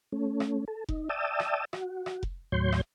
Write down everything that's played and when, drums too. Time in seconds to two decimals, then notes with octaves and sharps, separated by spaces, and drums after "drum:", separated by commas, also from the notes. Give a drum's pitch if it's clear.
0.12 A3 C#4
0.40 drum: rim click
0.68 A4
0.89 D#4, drum: kick F1
1.09 D5 E5 G5 A5 D#6 E6
1.40 drum: rim click
1.73 F#4, drum: rim click
2.06 drum: rim click
2.23 drum: kick F1
2.52 D#2 A2 F#3 C#5 C6 G6
2.72 drum: rim click